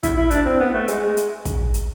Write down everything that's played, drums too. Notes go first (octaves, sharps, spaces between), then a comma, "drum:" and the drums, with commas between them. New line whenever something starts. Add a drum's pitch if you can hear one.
E4, drum: kick, hi-hat
E4
D4, drum: hi-hat
C4
B3
A3
G#3, drum: hi-hat
drum: hi-hat
drum: kick, hi-hat
drum: hi-hat